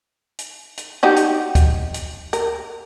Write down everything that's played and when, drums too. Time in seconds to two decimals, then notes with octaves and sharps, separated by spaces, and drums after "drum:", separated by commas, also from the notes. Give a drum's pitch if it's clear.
0.39 drum: hi-hat
0.77 drum: hi-hat
1.03 D#4 F#4 G4
1.16 drum: hi-hat
1.55 drum: kick D2, hi-hat
1.94 drum: hi-hat
2.33 A#4, drum: hi-hat